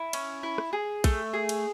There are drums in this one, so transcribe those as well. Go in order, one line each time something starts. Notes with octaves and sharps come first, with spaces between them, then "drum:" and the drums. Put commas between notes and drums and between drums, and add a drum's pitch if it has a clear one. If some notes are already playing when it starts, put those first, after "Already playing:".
Already playing: E4
C#4, drum: cymbal
E4
drum: rim click
G#4
A3, drum: kick, cymbal
G#4
drum: cymbal